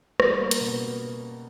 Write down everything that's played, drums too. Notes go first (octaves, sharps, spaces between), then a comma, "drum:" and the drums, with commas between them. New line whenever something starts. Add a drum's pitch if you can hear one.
G3, drum: rim click
A#3
drum: hi-hat
B2